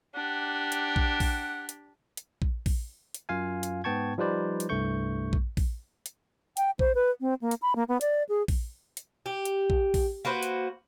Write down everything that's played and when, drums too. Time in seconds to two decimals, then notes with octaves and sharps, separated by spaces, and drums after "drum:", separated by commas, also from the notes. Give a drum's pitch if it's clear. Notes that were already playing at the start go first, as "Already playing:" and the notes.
0.15 D4 G4 F#5
0.72 drum: hi-hat
0.96 drum: kick
1.20 drum: kick, open hi-hat
1.69 drum: hi-hat
2.17 drum: hi-hat
2.42 drum: kick
2.66 drum: kick, open hi-hat
3.14 drum: hi-hat
3.29 F#2 F4 F5 G#5
3.63 drum: hi-hat
3.84 G#2 B3 G5 A5 C#6 G#6
4.18 F3 G3 D#4 B4 C5 D5
4.60 drum: hi-hat
4.69 C2 G2 A3 C#6 G6
5.33 drum: kick
5.57 drum: kick, open hi-hat
6.06 drum: hi-hat
6.57 G5, drum: hi-hat
6.79 C5, drum: kick
6.95 B4
7.21 C4
7.41 A#3
7.51 drum: hi-hat
7.62 B5
7.76 A#3
7.88 B3
8.01 D5, drum: hi-hat
8.29 G#4
8.48 drum: kick, open hi-hat
8.97 drum: hi-hat
9.26 G4
9.45 drum: hi-hat
9.70 drum: kick
9.94 drum: kick, open hi-hat
10.25 A#3 F#4 B4 C5
10.43 drum: hi-hat